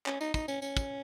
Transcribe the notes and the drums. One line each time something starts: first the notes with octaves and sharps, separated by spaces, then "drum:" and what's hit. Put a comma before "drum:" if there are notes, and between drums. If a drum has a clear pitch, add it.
C#4, drum: clap
D#4, drum: tambourine
D#4, drum: kick, tambourine
C#4, drum: tambourine
C#4, drum: tambourine
drum: kick, tambourine